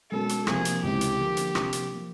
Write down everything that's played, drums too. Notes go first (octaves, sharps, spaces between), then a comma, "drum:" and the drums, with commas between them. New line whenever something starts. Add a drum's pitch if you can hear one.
B2 G#3 C#4 F#4 A4 A#4
drum: hi-hat
C3 F3 A#3 G#4, drum: rim click
drum: hi-hat
C#2 C3 E3 G4
drum: hi-hat
D3 F3 A#3
drum: hi-hat
C3 F3 A#3 D4, drum: rim click
drum: hi-hat
F3 A#3